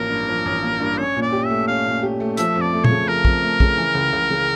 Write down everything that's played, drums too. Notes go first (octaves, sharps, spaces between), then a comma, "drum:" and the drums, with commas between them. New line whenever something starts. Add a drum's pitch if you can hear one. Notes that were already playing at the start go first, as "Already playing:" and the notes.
Already playing: A1 F3 A#3 A#4
G2
F3
A1
A#3
G2
C#4 C#5
A#2
D5
G4
A3 E5
C#4 F5
A#2
G4
A3
F3 E5, drum: hi-hat
F2
D5
A3
C#5, drum: tom A#2
C#3
F3 A#4
F2, drum: kick
A3
C#3, drum: kick
E3
C#2
C#2
C#3